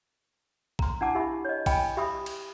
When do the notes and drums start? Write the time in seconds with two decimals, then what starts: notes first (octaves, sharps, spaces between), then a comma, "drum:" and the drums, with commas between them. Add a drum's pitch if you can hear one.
0.79 A#5 C6, drum: kick A#1
1.01 D4 E4 F#5 G#5 A5 D6
1.15 D#4 E4 G4 E5 B5
1.45 C#5 D#5
1.66 D#5 G5 G#5 B5, drum: kick A#1, cymbal
1.97 G4 E5 B5 D#6
2.26 drum: cymbal